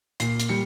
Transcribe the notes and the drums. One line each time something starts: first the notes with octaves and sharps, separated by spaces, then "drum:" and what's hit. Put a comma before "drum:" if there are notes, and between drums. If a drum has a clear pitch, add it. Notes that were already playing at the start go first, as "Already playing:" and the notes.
A#2 C7, drum: hi-hat
drum: hi-hat
G3 C#7